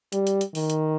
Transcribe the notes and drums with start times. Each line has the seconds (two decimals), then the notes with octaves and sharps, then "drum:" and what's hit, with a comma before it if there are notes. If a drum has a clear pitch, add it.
0.12 G3, drum: hi-hat
0.27 drum: hi-hat
0.41 drum: hi-hat
0.55 D#3, drum: open hi-hat
0.70 drum: hi-hat